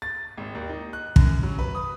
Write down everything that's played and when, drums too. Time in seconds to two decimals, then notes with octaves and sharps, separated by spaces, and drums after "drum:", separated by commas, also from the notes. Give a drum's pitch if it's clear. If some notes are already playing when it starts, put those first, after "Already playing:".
0.02 A6
0.37 G#1
0.55 D#2
0.69 D#4
0.93 F#6
1.16 F#2, drum: kick
1.43 F#3
1.59 B4
1.75 D#6